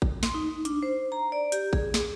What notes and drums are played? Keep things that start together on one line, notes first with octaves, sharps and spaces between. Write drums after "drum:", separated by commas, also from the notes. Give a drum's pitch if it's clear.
drum: kick A1
C6, drum: snare
D#4
D4, drum: hi-hat
C5
A#5
D5
G4, drum: hi-hat
G#4, drum: kick A1
drum: snare